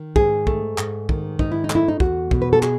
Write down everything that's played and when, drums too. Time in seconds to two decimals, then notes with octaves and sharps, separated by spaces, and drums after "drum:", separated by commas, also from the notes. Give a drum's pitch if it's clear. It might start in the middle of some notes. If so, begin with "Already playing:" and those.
Already playing: D#3
0.16 G#2 G#4, drum: kick
0.47 A3, drum: kick
0.78 G#2, drum: clap
1.09 D#3, drum: kick
1.39 G#2 D#4, drum: kick
1.52 E4
1.64 D#4
1.70 A3, drum: clap
1.75 E4
1.88 D#4
2.00 E2 F#4, drum: kick
2.31 B2, drum: kick
2.42 B4
2.53 A4
2.63 G#4, drum: clap